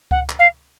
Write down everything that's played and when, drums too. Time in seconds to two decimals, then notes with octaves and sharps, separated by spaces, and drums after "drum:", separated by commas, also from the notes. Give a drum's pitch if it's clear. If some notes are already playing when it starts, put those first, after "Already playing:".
0.11 F#5, drum: kick C#2
0.29 drum: clap
0.39 F5